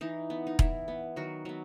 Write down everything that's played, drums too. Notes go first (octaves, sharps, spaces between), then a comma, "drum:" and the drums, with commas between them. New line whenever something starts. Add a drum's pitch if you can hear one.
E3 D#4
B3
D#4
E3 E4, drum: kick E1
B3
D#3 F#3 F#4
F#3 B3